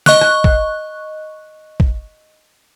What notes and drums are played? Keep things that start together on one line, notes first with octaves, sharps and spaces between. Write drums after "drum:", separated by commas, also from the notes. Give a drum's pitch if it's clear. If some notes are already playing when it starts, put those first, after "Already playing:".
D#5 C#6 F#6, drum: snare
drum: rim click
drum: kick
drum: kick